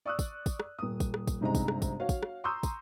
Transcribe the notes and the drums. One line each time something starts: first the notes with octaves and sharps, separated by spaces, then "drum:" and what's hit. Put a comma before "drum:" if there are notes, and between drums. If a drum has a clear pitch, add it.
D5 C#6 D#6 E6 F#6
drum: kick, tambourine
drum: kick, tambourine
drum: rim click
D#1 D#6
drum: kick, tambourine
drum: rim click
drum: kick, tambourine
G1 C3 G#3 D#4 A#5
drum: kick, tambourine
drum: rim click
drum: kick, tambourine
F#4 C#5 F5
drum: kick, tambourine
drum: rim click
A#5 C6 C#6 D#6 E6 G6
drum: kick, tambourine